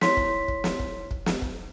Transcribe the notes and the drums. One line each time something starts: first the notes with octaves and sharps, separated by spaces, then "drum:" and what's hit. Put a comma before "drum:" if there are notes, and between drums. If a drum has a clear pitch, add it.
E4 C#5 C6 B6, drum: snare
drum: kick
drum: kick
drum: snare
drum: kick
drum: kick
drum: snare
drum: kick